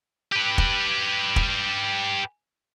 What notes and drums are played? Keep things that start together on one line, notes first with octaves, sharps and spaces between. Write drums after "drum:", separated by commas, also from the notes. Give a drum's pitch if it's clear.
G4 B4
drum: kick
drum: kick